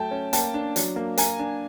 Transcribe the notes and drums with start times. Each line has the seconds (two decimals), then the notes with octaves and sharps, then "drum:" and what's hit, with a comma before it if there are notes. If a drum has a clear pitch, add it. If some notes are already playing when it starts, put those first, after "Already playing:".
Already playing: F#3 A3 G5 A5
0.11 C#4
0.33 A#3 G5 A5, drum: hi-hat
0.54 D4
0.76 F#3, drum: hi-hat
0.96 A#3
1.18 A#3 G#5 A#5, drum: hi-hat
1.39 D4